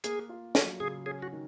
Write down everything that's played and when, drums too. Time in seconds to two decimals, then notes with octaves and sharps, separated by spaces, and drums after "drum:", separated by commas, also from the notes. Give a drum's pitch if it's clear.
0.04 A#3 G#4, drum: hi-hat
0.29 F4
0.55 F#3 A#4, drum: snare
0.80 C#3 G#4
1.06 C#4 G#4
1.22 F#4
1.32 D#3